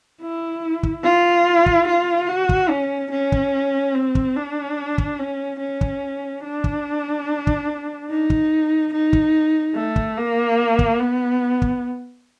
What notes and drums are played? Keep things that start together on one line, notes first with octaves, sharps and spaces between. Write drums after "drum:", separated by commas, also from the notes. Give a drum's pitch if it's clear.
E4
drum: kick
F4
drum: kick
F4
F#4
drum: kick
C#4
C#4
drum: kick
C4
drum: kick
D4
drum: kick
C#4
C#4
drum: kick
D4
drum: kick
drum: kick
D#4
drum: kick
D#4
drum: kick
A3
drum: kick
A#3
drum: kick
B3
drum: kick